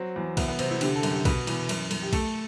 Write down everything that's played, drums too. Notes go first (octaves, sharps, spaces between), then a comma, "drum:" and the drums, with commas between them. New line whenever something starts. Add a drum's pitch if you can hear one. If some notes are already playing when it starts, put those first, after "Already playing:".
Already playing: F#3 C4
E2
C2 B3, drum: kick, cymbal
B3
C3 C4, drum: cymbal
E4
D3 G4, drum: cymbal
A4
F#2, drum: cymbal
G4
B2 B4, drum: kick, cymbal
E2, drum: cymbal
F#2, drum: cymbal
F#2, drum: cymbal
G4
A3 A4, drum: kick, cymbal